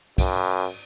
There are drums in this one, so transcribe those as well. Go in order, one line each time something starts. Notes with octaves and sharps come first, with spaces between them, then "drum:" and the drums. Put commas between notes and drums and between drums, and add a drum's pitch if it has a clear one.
F#2, drum: kick, cymbal